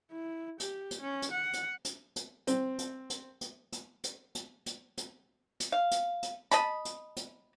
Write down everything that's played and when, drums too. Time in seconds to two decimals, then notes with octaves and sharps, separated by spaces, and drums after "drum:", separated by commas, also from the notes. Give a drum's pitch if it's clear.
0.12 E4
0.60 G4, drum: hi-hat
0.91 drum: hi-hat
1.01 C#4
1.22 drum: hi-hat
1.31 F#5
1.53 drum: hi-hat
1.85 drum: hi-hat
2.16 drum: hi-hat
2.47 C4, drum: hi-hat
2.79 drum: hi-hat
3.10 drum: hi-hat
3.41 drum: hi-hat
3.72 drum: hi-hat
4.04 drum: hi-hat
4.35 drum: hi-hat
4.66 drum: hi-hat
4.98 drum: hi-hat
5.60 drum: hi-hat
5.72 F5
5.91 drum: hi-hat
6.23 drum: hi-hat
6.51 D#5 A5 B5, drum: hi-hat
6.85 drum: hi-hat
7.16 drum: hi-hat